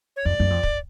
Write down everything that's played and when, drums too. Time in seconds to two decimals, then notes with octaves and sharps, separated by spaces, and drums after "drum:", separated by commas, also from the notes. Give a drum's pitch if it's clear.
0.16 C#5
0.25 F2 D5
0.40 F#2
0.50 F2
0.63 drum: kick